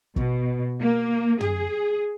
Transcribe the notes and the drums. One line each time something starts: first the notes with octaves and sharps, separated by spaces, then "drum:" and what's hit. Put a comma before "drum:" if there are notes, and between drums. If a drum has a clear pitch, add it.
B2, drum: kick
A#3
G#4, drum: tom